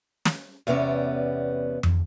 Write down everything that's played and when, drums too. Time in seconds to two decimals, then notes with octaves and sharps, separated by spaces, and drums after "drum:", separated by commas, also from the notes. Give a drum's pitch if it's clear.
0.25 drum: snare
0.67 E2 C3 B3 C#4 D5
1.83 drum: tom F2